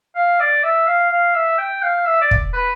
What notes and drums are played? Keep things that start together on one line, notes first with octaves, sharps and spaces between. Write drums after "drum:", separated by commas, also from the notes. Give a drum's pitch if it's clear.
F5
D5
E5
F5
F5
E5
G5
F5
E5
D5
drum: kick
B4